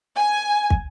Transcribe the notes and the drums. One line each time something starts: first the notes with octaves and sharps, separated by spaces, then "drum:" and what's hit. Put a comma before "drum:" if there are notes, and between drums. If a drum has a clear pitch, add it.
G#5
drum: kick